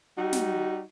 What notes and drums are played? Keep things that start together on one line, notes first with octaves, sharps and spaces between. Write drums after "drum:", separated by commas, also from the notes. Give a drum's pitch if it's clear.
G3 D#4 F#4
drum: snare